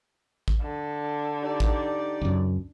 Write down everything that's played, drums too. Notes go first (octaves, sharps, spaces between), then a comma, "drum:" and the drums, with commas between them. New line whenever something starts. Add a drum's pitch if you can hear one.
drum: kick
D3
D#4 G4 D5
drum: kick
C#2 F#2